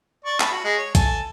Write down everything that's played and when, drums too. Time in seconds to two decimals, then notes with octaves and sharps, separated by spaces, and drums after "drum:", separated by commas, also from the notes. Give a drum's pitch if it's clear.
0.25 D5 C#6
0.40 A5 B5 C#6, drum: clap
0.52 F#4
0.64 G#3
0.78 C#5
0.95 A4 G#5 A5, drum: kick A#1, hi-hat